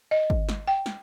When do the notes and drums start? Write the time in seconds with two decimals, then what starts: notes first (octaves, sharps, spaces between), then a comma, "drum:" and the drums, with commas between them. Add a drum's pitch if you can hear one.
0.11 D#5
0.30 drum: kick
0.49 drum: snare
0.67 G5
0.86 drum: snare